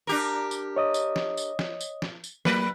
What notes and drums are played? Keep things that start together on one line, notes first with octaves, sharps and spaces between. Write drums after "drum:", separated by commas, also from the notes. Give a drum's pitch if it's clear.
D4 G4 A#4
drum: tambourine
C#5 D#5 D#6
drum: tambourine
drum: snare
drum: tambourine
drum: snare
drum: tambourine
drum: snare
drum: tambourine
F#3 A#3 B4, drum: snare